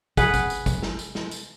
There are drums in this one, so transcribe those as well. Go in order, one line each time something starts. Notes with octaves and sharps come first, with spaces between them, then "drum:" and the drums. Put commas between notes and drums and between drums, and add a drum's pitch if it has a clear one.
G#4 B4 F#5, drum: kick, tambourine
drum: kick, tambourine
drum: tambourine
drum: kick, tambourine
drum: snare
drum: tambourine
drum: snare
drum: tambourine